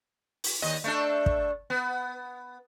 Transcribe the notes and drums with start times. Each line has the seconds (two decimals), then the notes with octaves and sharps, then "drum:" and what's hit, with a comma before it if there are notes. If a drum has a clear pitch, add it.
0.44 drum: open hi-hat
0.62 D#2 D#5
0.84 A3 D4 A4
1.26 drum: kick
1.70 B3